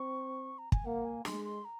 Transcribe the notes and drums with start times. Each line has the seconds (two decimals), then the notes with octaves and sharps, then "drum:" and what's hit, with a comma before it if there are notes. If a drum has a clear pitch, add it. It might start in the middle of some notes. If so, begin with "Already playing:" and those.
Already playing: C4 C#6
0.58 A#5
0.72 G#5, drum: kick
0.86 A#3 F#5
1.05 G#5
1.25 G#3 C6, drum: snare
1.45 C6
1.65 A#5